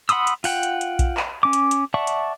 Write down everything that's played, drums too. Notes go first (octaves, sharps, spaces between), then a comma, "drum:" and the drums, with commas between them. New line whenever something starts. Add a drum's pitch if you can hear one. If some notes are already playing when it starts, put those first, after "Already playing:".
F#5 B5 C6 D#6 E6, drum: hi-hat
drum: hi-hat
F4 F#5 G5, drum: open hi-hat
drum: hi-hat
drum: hi-hat
drum: kick A#1, hi-hat
drum: clap
C#4 D6
drum: hi-hat
drum: hi-hat
D5 E5 F#5 A5 C#6
drum: hi-hat